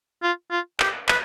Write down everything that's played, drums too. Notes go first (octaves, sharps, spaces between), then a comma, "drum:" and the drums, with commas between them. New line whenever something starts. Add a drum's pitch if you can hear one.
F4
F4
G4, drum: clap
B4, drum: clap